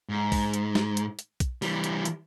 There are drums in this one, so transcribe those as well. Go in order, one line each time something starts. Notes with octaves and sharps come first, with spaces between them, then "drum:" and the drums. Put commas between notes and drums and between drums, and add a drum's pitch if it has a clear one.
G#2
drum: kick, open hi-hat
drum: hi-hat
drum: snare
drum: hi-hat
drum: hi-hat
drum: kick, hi-hat
E3 G3, drum: open hi-hat
drum: hi-hat
drum: hi-hat